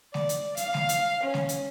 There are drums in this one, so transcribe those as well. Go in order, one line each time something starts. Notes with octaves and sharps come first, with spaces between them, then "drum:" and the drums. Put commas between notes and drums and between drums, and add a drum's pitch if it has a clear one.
D5, drum: snare G#3
drum: hi-hat
F5, drum: hi-hat
drum: snare G#3
drum: hi-hat
C#4
drum: snare G#3
drum: hi-hat